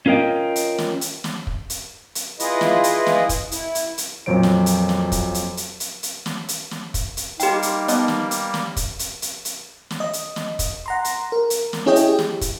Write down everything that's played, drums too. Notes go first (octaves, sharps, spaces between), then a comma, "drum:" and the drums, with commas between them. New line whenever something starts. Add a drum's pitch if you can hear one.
C#4 F4 A#4 D#5 G5
drum: hi-hat
drum: snare
drum: hi-hat
drum: snare
drum: kick
drum: hi-hat
drum: hi-hat
E4 F4 G#4 B4 D#5, drum: hi-hat
drum: snare
drum: hi-hat
drum: snare
drum: kick, hi-hat
E4, drum: hi-hat
drum: hi-hat
drum: hi-hat
F2 A#2 F#3 C5 C#5 D7
drum: snare
drum: hi-hat
drum: snare
drum: kick, hi-hat
drum: hi-hat
drum: hi-hat
drum: hi-hat
drum: hi-hat
drum: snare
drum: hi-hat
drum: snare
drum: kick, hi-hat
drum: hi-hat
G3 A#3 D#4 G4 G5, drum: hi-hat
drum: hi-hat
B3 D4 D#5, drum: hi-hat
drum: snare
drum: hi-hat
drum: snare
drum: kick, hi-hat
drum: hi-hat
drum: hi-hat
drum: hi-hat
drum: snare
D#5
drum: hi-hat
drum: snare
drum: kick, hi-hat
F#5 A#5 C6
drum: hi-hat
A#4
drum: hi-hat
drum: snare
C#4 E4 G#4 C#5 D#5 G5
drum: hi-hat
G4
drum: snare
drum: kick, hi-hat